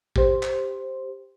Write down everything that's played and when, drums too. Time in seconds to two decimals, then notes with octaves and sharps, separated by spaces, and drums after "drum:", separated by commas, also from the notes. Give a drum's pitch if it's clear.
0.16 G4 C5, drum: kick
0.43 drum: clap